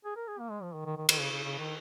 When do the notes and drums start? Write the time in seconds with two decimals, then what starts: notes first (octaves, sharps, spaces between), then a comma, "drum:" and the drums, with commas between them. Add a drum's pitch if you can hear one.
0.04 G#4
0.16 A#4
0.28 G#4
0.39 A#3
0.50 G#3
0.63 F3
0.74 D#3
0.85 D#3
0.97 D#3
1.09 D#3, drum: cymbal
1.20 C#3
1.31 C#3
1.43 C#3
1.58 D#3